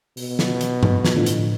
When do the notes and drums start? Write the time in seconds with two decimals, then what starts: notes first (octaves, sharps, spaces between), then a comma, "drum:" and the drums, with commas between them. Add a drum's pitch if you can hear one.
0.17 B2, drum: open hi-hat
0.39 drum: snare
0.61 drum: hi-hat
0.83 drum: tom G2
1.05 drum: snare
1.16 A2 D3 F3
1.26 drum: hi-hat